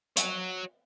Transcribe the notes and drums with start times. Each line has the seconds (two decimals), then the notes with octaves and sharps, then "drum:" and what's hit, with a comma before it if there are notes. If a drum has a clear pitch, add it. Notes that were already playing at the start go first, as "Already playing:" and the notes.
0.17 F#4 C#5, drum: hi-hat